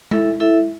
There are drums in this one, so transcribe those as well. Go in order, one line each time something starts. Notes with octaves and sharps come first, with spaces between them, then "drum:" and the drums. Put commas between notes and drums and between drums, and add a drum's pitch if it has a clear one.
E4 A4 E5, drum: tom G#3
E4 A4 E5